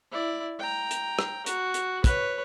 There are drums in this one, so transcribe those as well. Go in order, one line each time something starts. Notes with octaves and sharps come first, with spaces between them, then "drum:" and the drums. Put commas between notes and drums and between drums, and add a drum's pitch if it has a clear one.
E4 D5
G5 A#5
drum: hi-hat
drum: rim click
F#4, drum: hi-hat
drum: hi-hat
B4 C#5, drum: kick, hi-hat